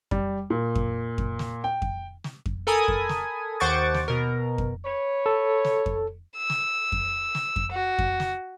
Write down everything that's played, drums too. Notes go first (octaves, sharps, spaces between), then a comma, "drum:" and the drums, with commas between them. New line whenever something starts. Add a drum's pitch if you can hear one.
G3, drum: kick F2
A#2
drum: kick F2
drum: kick F2
drum: snare
G5
drum: kick F2
drum: snare
drum: kick F2
A4 A#4 G#5 B5 D#6
drum: kick F2
drum: snare
D#2 C5 F#5 C#6 D6 A6
drum: snare
B2 A#4
drum: kick F2
B4 C#5
A4
drum: snare
drum: kick F2
E6
drum: snare
drum: kick F2
drum: snare
drum: kick F2
F#4
drum: kick F2
drum: snare